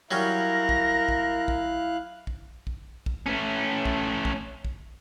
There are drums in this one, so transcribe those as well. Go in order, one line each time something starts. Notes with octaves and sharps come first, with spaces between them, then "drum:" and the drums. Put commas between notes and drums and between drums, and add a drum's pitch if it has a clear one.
F#3 G3 C#4 E4 A#4 F5 F#6 A#6
drum: kick A#1
drum: kick A#1
drum: kick A#1
drum: kick A#1
drum: kick A#1
drum: kick A#1
A3 C#4
drum: kick A#1
drum: kick A#1
drum: kick A#1